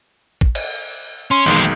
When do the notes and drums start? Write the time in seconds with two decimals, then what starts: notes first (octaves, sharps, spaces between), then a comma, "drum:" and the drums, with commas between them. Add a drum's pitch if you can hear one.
0.41 drum: kick
0.55 drum: cymbal
1.31 C#4 C6
1.46 B1 E2 D#3 G#3 A#3